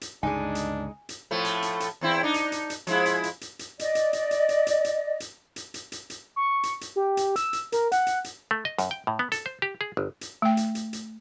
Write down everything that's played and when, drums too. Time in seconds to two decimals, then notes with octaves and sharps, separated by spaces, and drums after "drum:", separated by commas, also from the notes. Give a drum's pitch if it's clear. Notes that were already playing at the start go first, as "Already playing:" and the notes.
0.01 drum: hi-hat
0.23 C#2 G2 D3 G#3 D4 D#4 G#5
0.55 drum: hi-hat
1.09 drum: hi-hat
1.31 A2 F3 A3
1.45 drum: hi-hat
1.62 drum: hi-hat
1.80 drum: hi-hat
2.01 E2 C4 E4
2.23 D4 D#4
2.34 drum: hi-hat
2.52 drum: hi-hat
2.70 drum: hi-hat
2.87 F3 G#3 E4, drum: hi-hat
3.06 drum: hi-hat
3.23 drum: hi-hat
3.41 drum: hi-hat
3.59 drum: hi-hat
3.79 D5 D#5, drum: hi-hat
3.95 drum: hi-hat
4.13 drum: hi-hat
4.31 drum: hi-hat
4.49 drum: hi-hat
4.67 drum: hi-hat
4.84 drum: hi-hat
5.20 drum: hi-hat
5.56 drum: hi-hat
5.74 drum: hi-hat
5.92 drum: hi-hat
6.10 drum: hi-hat
6.36 C#6
6.63 drum: hi-hat
6.81 drum: hi-hat
6.96 G4
7.17 drum: hi-hat
7.36 E6, drum: hi-hat
7.53 drum: hi-hat
7.72 A#4, drum: hi-hat
7.92 F#5, drum: hi-hat
8.07 drum: hi-hat
8.24 drum: hi-hat
8.51 A3
8.65 D#5
8.79 F#2, drum: hi-hat
8.91 G5
9.07 A2
9.19 B3
9.32 A4, drum: hi-hat
9.46 C5
9.62 G4
9.81 G#4
9.97 G1
10.21 drum: hi-hat
10.42 A3 G5
10.57 drum: hi-hat
10.75 drum: hi-hat
10.93 drum: hi-hat